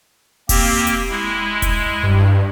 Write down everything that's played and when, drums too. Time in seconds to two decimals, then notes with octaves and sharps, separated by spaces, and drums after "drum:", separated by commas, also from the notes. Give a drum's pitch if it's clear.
0.49 A#3 C4 G4, drum: kick E1, open hi-hat
0.87 drum: hi-hat
1.10 G#3 E4
1.62 drum: kick E1, hi-hat
2.03 G2